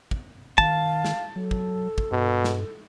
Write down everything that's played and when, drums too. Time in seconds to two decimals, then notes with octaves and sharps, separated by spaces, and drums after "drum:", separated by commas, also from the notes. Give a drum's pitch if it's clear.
0.11 drum: kick
0.58 D#3 F5 A5, drum: kick
1.05 drum: snare
1.36 F#3 A4
1.51 drum: kick
1.98 drum: kick
2.12 G2 B2
2.44 drum: snare